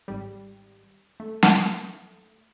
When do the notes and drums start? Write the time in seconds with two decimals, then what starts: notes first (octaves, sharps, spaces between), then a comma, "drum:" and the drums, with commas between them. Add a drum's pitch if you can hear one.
0.08 G#1 G3
1.20 A3
1.43 drum: snare